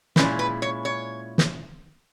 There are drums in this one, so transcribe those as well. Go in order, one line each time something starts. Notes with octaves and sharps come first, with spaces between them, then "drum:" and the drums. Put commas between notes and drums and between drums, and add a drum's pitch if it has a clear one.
A#2 G#3 C#4 E4 B4, drum: snare
B4
C#5
C#5
drum: snare